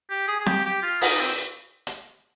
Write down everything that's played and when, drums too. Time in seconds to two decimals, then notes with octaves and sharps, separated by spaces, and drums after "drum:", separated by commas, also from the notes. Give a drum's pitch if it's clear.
0.10 G4
0.28 G#4
0.40 G#4
0.46 G4, drum: snare C4
0.65 G4
0.83 F4
1.02 D#4, drum: open hi-hat
1.19 C4
1.87 drum: hi-hat